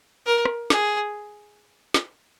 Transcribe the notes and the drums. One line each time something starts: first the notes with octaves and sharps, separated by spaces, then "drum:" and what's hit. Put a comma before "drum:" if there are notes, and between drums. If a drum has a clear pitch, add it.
A#4
drum: rim click
G#4, drum: snare
drum: snare